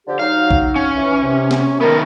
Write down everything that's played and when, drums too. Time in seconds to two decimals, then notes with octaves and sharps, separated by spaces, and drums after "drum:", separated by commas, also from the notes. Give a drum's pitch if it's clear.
0.07 D3 F3 G4
0.19 F#3 D#4 F5
0.51 drum: kick
0.76 C#4
0.96 E3
1.23 C3
1.51 drum: snare
1.81 D#3 A3 B3 A#4